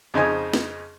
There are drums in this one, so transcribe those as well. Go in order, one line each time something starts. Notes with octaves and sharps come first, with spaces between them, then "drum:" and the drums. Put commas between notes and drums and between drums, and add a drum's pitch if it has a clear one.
F2 C#3 D#4 C5 D#5 G#5
drum: snare